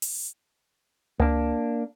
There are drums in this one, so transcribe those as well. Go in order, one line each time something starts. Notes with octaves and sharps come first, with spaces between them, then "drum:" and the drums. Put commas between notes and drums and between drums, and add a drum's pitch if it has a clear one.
drum: open hi-hat
A#3 D4, drum: tom C#2